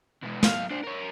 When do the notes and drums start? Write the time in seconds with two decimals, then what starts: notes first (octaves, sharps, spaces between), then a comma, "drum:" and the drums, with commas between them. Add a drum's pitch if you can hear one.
0.22 B2 G#3
0.43 B1 F5, drum: snare
0.71 D4 C5
0.84 A#4 C#5